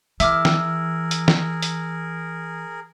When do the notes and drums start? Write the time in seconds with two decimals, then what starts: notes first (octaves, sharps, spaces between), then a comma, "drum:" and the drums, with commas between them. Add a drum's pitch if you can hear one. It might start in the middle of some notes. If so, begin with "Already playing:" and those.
0.20 E3 G#4 A#4 E5 D6 E6 F6, drum: hi-hat
0.45 drum: snare
1.11 drum: hi-hat
1.28 drum: snare
1.62 drum: hi-hat